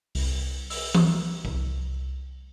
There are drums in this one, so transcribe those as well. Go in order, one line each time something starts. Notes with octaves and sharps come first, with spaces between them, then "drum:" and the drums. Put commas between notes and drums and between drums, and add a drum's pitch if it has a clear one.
C2, drum: open hi-hat
E6, drum: open hi-hat
drum: tom E3
C2, drum: kick